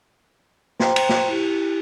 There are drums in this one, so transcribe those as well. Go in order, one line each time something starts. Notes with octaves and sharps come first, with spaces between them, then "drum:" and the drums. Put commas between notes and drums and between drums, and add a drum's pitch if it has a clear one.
C5 G5 A#5 C6, drum: snare
drum: cymbal
drum: snare
E4 G4